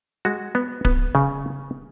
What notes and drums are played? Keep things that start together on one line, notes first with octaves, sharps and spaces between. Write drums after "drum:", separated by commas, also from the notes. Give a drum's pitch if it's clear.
G#3 F#4
B3
B3, drum: kick D1
C#3